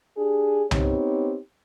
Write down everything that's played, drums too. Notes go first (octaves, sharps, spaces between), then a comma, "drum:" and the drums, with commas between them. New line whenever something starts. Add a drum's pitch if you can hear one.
D4 G4 G#4
B3 C4 D#4 G4 C#5, drum: tom C2